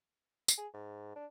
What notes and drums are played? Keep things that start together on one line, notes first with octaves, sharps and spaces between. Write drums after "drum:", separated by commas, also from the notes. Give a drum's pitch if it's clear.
drum: tambourine
G#4
G#2
D4